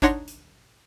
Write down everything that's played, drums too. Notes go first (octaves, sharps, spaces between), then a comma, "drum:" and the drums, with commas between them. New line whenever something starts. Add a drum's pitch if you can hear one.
D4 D#4 C#5 F#5 C6 A#6, drum: kick G#1, hi-hat
drum: hi-hat